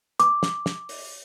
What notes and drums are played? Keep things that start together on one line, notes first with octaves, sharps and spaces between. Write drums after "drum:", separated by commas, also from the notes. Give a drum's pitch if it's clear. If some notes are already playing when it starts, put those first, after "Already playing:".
D6, drum: hi-hat
drum: snare
drum: snare
drum: open hi-hat